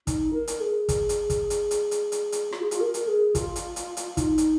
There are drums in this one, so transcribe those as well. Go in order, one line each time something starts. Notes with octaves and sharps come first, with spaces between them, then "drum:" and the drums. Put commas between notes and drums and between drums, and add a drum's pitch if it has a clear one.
D#4, drum: kick, hi-hat
A#4
drum: hi-hat
G#4
drum: kick, hi-hat
drum: hi-hat
drum: kick, hi-hat
drum: hi-hat
drum: hi-hat
drum: hi-hat
drum: hi-hat
drum: hi-hat
F4, drum: rim click
G#4
F4, drum: hi-hat
A#4
drum: hi-hat
G#4
F4, drum: kick, hi-hat
drum: hi-hat
drum: hi-hat
drum: hi-hat
D#4, drum: kick, hi-hat
drum: hi-hat